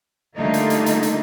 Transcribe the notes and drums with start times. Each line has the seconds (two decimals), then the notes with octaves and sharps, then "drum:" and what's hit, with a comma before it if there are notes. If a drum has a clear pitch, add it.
0.37 D3 G3 A3 A#3 D#4 F4
0.54 drum: hi-hat
0.70 drum: hi-hat
0.86 drum: hi-hat
1.03 drum: hi-hat